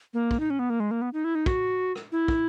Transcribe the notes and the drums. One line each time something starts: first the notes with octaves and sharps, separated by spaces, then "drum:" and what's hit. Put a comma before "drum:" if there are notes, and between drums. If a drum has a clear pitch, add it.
A#3
drum: kick
D#4
C#4
B3
A#3
G#3
A#3
B3
D#4
E4
D#4
F#4, drum: kick
drum: rim click
E4
drum: kick